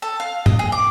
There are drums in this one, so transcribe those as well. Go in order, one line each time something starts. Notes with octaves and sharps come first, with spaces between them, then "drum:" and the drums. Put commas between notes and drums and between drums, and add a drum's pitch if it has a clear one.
A4
F5
D#5, drum: tom G#2
G#4
D6